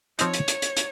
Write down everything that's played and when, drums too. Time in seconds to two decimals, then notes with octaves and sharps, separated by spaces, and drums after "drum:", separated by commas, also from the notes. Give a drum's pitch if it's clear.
0.19 F3 C4 D#4 C#5, drum: hi-hat
0.33 drum: hi-hat
0.48 drum: hi-hat
0.62 drum: hi-hat
0.77 drum: hi-hat